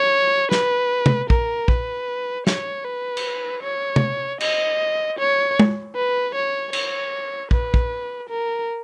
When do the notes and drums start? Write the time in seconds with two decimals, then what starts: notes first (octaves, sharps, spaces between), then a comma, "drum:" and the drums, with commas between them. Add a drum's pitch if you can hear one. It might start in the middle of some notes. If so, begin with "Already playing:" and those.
Already playing: C#5
0.52 B4, drum: snare
1.06 drum: tom C3
1.30 A#4, drum: kick
1.68 B4, drum: kick
2.47 C#5, drum: snare
2.85 B4
3.17 drum: cymbal
3.63 C#5
3.96 drum: tom C3
4.40 D#5, drum: cymbal
5.18 C#5
5.59 drum: tom
5.95 B4
6.35 C#5
6.73 C#5, drum: cymbal
7.51 B4, drum: kick
7.74 drum: kick
8.29 A#4